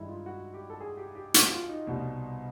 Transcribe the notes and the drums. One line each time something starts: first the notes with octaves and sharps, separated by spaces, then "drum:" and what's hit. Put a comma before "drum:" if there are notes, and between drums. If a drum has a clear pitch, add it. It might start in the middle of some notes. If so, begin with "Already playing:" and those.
Already playing: G2 D#3 G#3 D#4 E4
F4
F#4
G4
A4
G#4
G4
G4
F#4, drum: hi-hat
F4
D#4
C2 B2 G3